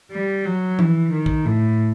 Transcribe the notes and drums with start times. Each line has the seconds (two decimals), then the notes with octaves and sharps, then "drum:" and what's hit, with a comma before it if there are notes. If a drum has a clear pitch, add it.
0.11 G3
0.45 F#3
0.79 E3, drum: tom F3
1.12 D#3
1.26 drum: kick
1.45 A2